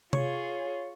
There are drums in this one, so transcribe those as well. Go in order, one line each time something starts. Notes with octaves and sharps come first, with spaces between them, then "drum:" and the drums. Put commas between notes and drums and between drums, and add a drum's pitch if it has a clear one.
F4 G#4 C#5 C#6, drum: tom C3